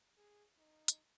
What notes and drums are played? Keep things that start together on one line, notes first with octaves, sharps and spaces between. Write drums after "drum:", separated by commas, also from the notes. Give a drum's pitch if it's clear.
G#4
D#4
drum: hi-hat